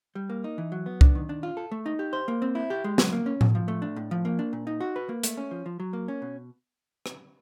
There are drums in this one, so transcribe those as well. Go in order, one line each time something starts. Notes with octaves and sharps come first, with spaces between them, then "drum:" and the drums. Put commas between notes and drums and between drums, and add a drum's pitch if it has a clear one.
G3
A#3
D#4
E3
F#3
B3
D4, drum: kick C2
D#3
D4
F4
A4
A3
D#4
G4
C5
A#3
C4
E4
G4
G#3
F#3, drum: snare
A#3
C#4
B2, drum: tom A2
F3
A3
D4
A2
F3
A#3
D4
A#2
D#4
F#4
B4
A#3
A3, drum: hi-hat
C#4
F3
F3
F#3
A#3
C#4
B2
drum: rim click